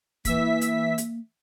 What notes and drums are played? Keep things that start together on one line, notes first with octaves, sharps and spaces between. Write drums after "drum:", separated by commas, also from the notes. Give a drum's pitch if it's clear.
E3 A#3 E5 B6, drum: kick, hi-hat
drum: hi-hat
drum: hi-hat